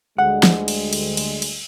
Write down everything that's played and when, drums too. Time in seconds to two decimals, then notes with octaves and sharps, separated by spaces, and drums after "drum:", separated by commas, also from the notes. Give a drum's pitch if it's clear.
0.18 D2 G3 G#3 F#5
0.43 drum: snare
0.68 drum: cymbal
0.93 drum: cymbal
1.17 drum: cymbal
1.42 drum: cymbal